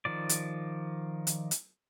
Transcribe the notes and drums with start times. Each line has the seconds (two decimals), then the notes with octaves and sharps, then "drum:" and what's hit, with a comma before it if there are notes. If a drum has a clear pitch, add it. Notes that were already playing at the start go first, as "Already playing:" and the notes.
0.05 D#3 F3 D5
0.29 drum: hi-hat
1.27 drum: hi-hat
1.51 drum: hi-hat